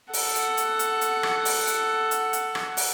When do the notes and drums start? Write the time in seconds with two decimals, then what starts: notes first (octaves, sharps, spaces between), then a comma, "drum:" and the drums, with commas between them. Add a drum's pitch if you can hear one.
0.13 A4 F#5, drum: open hi-hat
0.35 drum: hi-hat
0.57 drum: hi-hat
0.79 drum: hi-hat
1.01 drum: hi-hat
1.23 drum: rim click
1.45 drum: open hi-hat
1.67 drum: hi-hat
2.11 drum: hi-hat
2.33 drum: hi-hat
2.55 drum: rim click
2.77 drum: open hi-hat